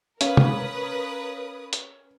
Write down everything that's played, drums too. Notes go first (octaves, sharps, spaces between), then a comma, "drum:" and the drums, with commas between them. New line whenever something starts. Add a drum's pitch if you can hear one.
C#4 A#4 B4 F5 D#6, drum: hi-hat
drum: tom C3
drum: hi-hat